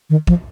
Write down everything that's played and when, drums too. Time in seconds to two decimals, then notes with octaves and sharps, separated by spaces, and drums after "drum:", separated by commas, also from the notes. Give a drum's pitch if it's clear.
0.10 D#3
0.27 F3, drum: kick